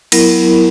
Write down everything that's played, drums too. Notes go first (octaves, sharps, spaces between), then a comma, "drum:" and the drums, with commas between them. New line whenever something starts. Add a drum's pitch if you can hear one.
F#3 B3 E4 A#4, drum: cymbal